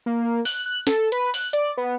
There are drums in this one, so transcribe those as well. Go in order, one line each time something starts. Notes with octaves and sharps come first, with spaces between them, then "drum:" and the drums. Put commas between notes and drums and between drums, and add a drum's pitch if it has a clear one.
A#3
F#6, drum: open hi-hat
F#6
A4, drum: snare
B4, drum: hi-hat
F#6, drum: open hi-hat
D5, drum: hi-hat
B3